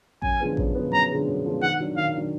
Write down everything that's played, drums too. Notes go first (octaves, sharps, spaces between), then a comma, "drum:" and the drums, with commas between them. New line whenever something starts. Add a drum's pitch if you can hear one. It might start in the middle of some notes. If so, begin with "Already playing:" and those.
F#2 G#5, drum: kick A1
D3 F3 G#3 B3
F#2, drum: kick A1
D3 F3 G#3 B3
F#2 A#5
D3 F3 G#3 B3
F#2
D3 F3 G#3 B3
D#3 F#5
F#3 D4
D#3 F5
F#3 D4